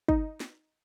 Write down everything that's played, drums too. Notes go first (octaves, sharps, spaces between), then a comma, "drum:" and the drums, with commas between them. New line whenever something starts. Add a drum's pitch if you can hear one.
D#4, drum: kick
drum: snare